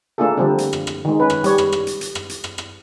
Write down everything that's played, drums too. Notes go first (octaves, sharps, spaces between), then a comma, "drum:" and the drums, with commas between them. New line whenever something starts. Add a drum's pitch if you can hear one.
A3 A#3 D4 F4 G#4 A4
D3 F3 G3 C4 D4
drum: hi-hat
drum: rim click
drum: rim click
D#3 G#3
C#4 B4
drum: rim click
G3 C#5, drum: hi-hat
drum: rim click
drum: rim click
drum: hi-hat
drum: hi-hat
drum: rim click
drum: hi-hat
drum: rim click
drum: rim click